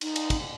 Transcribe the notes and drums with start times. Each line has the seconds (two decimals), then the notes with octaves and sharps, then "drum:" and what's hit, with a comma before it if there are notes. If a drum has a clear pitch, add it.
0.01 D#4, drum: cymbal
0.16 drum: cymbal
0.30 drum: kick, cymbal